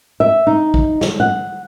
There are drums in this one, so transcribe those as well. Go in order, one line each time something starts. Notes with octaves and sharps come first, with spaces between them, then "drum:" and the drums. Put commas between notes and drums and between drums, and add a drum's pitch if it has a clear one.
E5
D#4
drum: kick
drum: snare
F#5